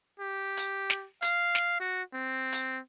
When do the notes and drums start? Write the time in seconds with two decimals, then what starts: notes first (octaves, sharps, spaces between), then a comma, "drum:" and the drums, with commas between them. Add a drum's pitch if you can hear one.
0.20 G4
0.57 drum: hi-hat
0.90 drum: snare
1.22 F5, drum: hi-hat
1.55 drum: snare
1.80 F#4
2.14 C4
2.52 drum: hi-hat